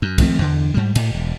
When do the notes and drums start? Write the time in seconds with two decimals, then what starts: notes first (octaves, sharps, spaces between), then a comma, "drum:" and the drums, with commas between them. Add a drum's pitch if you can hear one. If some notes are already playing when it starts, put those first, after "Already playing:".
0.02 F#2
0.18 G#1 F3 A3 C4, drum: kick, cymbal
0.39 E2 D3
0.74 G#2 G3
0.95 A2, drum: cymbal
1.14 E1